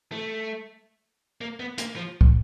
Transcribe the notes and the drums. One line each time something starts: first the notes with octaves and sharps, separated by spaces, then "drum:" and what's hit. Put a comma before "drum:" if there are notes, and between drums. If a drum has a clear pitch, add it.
A3
A#3
B3
A#3, drum: hi-hat
F3
drum: kick